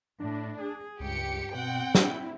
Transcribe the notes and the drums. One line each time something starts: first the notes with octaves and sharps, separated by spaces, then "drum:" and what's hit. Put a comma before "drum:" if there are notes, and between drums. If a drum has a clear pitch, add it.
A2 D4
G#4
C#2 G2 G4 C#7
B2 C4 F#5 G5
E4, drum: snare